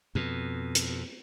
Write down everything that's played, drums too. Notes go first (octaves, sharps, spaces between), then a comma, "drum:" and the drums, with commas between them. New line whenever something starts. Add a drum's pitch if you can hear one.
F2 B2
drum: hi-hat